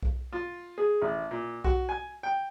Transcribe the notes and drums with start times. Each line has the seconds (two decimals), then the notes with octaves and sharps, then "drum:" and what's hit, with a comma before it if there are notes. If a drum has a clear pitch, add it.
0.03 drum: kick B1
0.33 F4
0.78 G#4
1.02 A1
1.31 A#2
1.64 F#4, drum: kick B1
1.89 G#5
2.23 G5